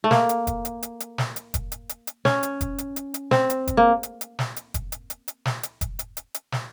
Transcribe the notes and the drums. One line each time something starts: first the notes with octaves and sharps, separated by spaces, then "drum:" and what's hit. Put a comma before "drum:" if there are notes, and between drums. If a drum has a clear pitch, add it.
A3
A#3, drum: snare
drum: hi-hat
drum: kick F1, hi-hat
drum: hi-hat
drum: hi-hat
drum: hi-hat
drum: snare
drum: hi-hat
drum: kick F1, hi-hat
drum: hi-hat
drum: hi-hat
drum: hi-hat
C#4, drum: snare
drum: hi-hat
drum: kick F1, hi-hat
drum: hi-hat
drum: hi-hat
drum: hi-hat
C4, drum: snare
drum: hi-hat
drum: kick F1, hi-hat
A#3
drum: hi-hat
drum: hi-hat
drum: snare
drum: hi-hat
drum: kick F1, hi-hat
drum: hi-hat
drum: hi-hat
drum: hi-hat
drum: snare
drum: hi-hat
drum: kick F1, hi-hat
drum: hi-hat
drum: hi-hat
drum: hi-hat
drum: snare